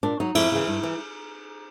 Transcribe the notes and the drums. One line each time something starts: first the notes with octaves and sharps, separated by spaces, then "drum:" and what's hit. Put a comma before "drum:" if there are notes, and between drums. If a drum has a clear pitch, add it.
A#2 D4
F#3 D#4
F2 E4, drum: cymbal
C#3 E3
G2
E3